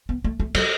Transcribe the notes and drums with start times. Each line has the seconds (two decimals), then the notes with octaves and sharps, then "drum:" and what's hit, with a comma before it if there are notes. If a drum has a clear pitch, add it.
0.09 B3
0.24 A3
0.40 A3
0.54 F#3, drum: cymbal